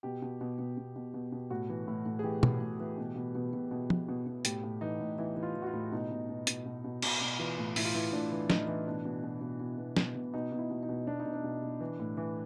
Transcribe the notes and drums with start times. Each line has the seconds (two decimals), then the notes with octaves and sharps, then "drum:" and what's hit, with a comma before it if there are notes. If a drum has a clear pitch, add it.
0.03 B2 G4
0.22 B2
0.41 B2
0.59 B2
0.77 B2
0.96 B2
1.14 B2
1.32 B2
1.50 A2 F#4
1.69 E3
1.88 A2
2.06 A2
2.19 G#4
2.24 E3 G4
2.43 A2, drum: tom B2
2.61 A2
2.80 E3
2.98 B2
3.16 B2
3.35 B2
3.53 B2
3.71 B2
3.90 B2, drum: tom F3
4.08 B2
4.27 B2
4.45 A2 G4, drum: hi-hat
4.63 A2
4.81 E3 D#4
5.00 A2
5.18 E3 E4
5.37 E3
5.43 F4
5.56 E3
5.62 F#4
5.67 F4
5.73 A2
5.92 B2 D#4
6.11 B2
6.29 B2
6.47 B2, drum: hi-hat
6.66 B2
6.84 B2
7.02 B2, drum: cymbal
7.21 B2
7.39 E3 F4
7.58 A2
7.76 A2 E4, drum: open hi-hat
7.85 F4
7.94 E3 E4
8.12 A2 D4
8.32 E3
8.50 A2 D#4, drum: snare
8.68 E3
8.86 B2 D4
9.05 B2
9.23 B2
9.41 B2
9.60 B2
9.78 B2
9.97 B2, drum: snare
10.15 B2
10.34 B2 D#4
10.52 B2
10.58 E4
10.70 B2
10.83 D#4
10.89 B2
11.07 B2 D4
11.20 D#4
11.26 B2
11.33 D4
11.44 B2
11.63 B2
11.80 E3
11.99 A2
12.17 E3